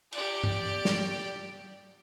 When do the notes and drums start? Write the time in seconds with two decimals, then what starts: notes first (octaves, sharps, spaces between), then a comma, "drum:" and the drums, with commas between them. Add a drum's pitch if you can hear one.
0.12 G4 D5, drum: cymbal
0.43 drum: tom
0.85 drum: snare